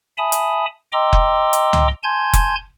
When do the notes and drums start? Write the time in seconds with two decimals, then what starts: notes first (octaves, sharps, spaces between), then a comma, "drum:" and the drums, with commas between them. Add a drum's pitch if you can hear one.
0.18 E5 G#5 A5 B5 D#6
0.32 drum: hi-hat
0.92 D#5 G5 A#5 C6 D6 E6
1.13 drum: kick F1
1.53 drum: hi-hat
1.73 drum: tom C#2
2.03 G#5 A5 C6 G6 G#6
2.33 drum: kick F1, hi-hat